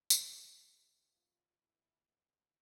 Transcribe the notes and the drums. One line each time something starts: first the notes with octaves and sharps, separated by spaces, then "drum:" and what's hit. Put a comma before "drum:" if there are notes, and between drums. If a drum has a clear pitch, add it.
D3 F3 B3 D4 G4, drum: tambourine
C3 E3 A3 E4 G4
B2 B3 F4
E2 B2 A3 E4
E2 C3 G3 B3 D4